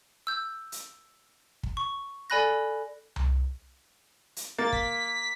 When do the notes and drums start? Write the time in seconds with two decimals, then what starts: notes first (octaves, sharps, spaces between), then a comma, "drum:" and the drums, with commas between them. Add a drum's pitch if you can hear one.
0.27 E6 G6
0.72 drum: hi-hat
1.63 drum: kick
1.77 C#6
2.30 A4 D5 G#5 B5 F#6 A#6
3.16 drum: tom C2
4.36 drum: hi-hat
4.58 A#3 A6
4.73 B6, drum: kick